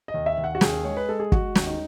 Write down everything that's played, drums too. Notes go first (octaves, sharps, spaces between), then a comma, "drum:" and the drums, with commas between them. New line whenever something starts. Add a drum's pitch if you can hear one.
D#5
D#2
E5
D#2
F#5
F#4
D#2 G#4, drum: snare
G#3 C#5
B4
G#3 A4
G#4
G#3 F#4, drum: kick
D#2, drum: snare
D#4